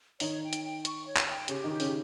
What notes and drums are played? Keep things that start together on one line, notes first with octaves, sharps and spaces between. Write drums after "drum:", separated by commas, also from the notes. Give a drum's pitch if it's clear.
D#3 D#4 C#5, drum: open hi-hat
G5
drum: hi-hat
G5
C#6, drum: hi-hat
C#5
drum: clap
G5
C#3 C#4 G4, drum: hi-hat
D#3 D#4
G4
C#3 C#4, drum: open hi-hat